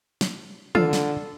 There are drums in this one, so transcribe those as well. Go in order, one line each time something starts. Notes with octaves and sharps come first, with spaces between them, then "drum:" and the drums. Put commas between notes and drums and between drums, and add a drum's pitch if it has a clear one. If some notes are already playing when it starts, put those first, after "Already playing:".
drum: snare
D3 F4 A4, drum: tom D#3
drum: snare